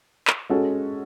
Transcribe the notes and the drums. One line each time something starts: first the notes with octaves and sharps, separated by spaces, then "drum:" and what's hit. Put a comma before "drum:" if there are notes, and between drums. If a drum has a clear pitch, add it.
drum: clap
G#3 C#4 F#4 A4